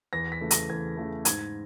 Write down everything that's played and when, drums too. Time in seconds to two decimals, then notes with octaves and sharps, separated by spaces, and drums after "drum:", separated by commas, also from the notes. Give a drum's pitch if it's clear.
0.13 E2 A#6
0.32 B6
0.41 C#3 E3 A3
0.51 A#6, drum: hi-hat
0.69 E2 G#6
0.97 C#3 E3 A3
1.25 G#2 G#6, drum: hi-hat